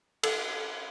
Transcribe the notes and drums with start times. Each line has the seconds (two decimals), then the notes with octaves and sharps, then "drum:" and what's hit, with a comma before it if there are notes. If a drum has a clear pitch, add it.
0.23 A4, drum: cymbal